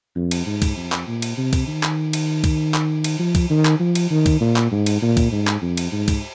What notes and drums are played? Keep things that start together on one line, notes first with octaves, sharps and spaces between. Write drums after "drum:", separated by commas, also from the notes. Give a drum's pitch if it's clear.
F2
drum: cymbal
G#2
drum: kick, cymbal
F2
drum: clap
A#2
drum: cymbal
C3
drum: kick, cymbal
D#3
drum: clap
drum: cymbal
drum: kick, cymbal
drum: clap
drum: cymbal
F3
drum: kick, cymbal
D#3
drum: clap
F3
drum: cymbal
D#3
drum: kick, cymbal
A#2
drum: clap
G#2
drum: cymbal
A#2
drum: kick, cymbal
G#2
drum: clap
F2
drum: cymbal
G#2
drum: kick, cymbal